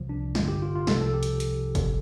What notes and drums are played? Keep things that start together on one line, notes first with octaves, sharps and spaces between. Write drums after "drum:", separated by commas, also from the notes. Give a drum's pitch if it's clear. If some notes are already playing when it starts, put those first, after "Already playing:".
Already playing: C2 C3 F3
D4
G1 G2 D3 F4, drum: snare
G4
F4
F4
C2 C3 F3 A4, drum: snare
A4
G4
drum: hi-hat
drum: hi-hat
drum: kick, hi-hat